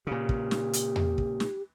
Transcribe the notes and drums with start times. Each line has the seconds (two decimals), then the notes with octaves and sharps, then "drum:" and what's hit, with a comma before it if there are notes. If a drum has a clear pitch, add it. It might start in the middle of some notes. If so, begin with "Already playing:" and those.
0.07 A#2 C#3 G4
0.29 drum: kick
0.51 drum: snare
0.73 drum: hi-hat
0.96 drum: tom E2
1.18 drum: kick
1.40 drum: snare